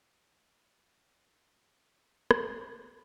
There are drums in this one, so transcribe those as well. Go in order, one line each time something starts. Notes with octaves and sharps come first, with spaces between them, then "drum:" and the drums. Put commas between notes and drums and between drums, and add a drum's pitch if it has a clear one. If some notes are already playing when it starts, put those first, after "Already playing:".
Already playing: D3 A3 D4 A4
C4 F4 A#4
drum: rim click